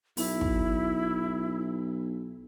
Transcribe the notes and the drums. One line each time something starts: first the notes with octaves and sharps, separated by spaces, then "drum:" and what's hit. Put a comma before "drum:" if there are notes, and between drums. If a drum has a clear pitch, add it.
B1 E4, drum: open hi-hat
drum: kick